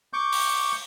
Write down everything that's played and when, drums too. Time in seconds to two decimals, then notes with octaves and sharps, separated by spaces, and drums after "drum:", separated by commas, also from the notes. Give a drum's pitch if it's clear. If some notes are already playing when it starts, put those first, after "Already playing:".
0.13 C#6 D6 G6
0.32 drum: open hi-hat